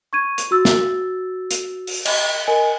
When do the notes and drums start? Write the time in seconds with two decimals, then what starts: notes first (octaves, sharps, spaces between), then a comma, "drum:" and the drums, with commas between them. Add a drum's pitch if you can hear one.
0.13 C#6 G#6 D#7
0.38 drum: hi-hat
0.51 F#4 E6 A6
0.65 drum: snare
1.51 drum: hi-hat
1.87 drum: open hi-hat
2.05 D#5, drum: cymbal
2.48 A#4 D#5 G#5